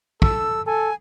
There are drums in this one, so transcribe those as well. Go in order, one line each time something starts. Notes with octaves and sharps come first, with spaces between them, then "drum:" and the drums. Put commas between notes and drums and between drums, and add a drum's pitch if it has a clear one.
A4 E6, drum: kick
A4 G#5